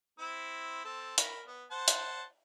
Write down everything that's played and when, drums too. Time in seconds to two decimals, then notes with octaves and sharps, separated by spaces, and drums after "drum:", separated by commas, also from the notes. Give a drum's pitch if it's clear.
0.19 C4 E4
0.85 C4 A4
1.18 A#4 B5, drum: hi-hat
1.47 B3
1.71 C5 F#5 A5
1.88 drum: hi-hat